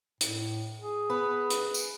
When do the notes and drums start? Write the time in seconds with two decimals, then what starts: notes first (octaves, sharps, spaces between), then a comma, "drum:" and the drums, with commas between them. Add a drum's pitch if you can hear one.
0.21 A2, drum: hi-hat
0.79 G#4
1.10 B3 B4
1.50 drum: hi-hat
1.74 drum: tambourine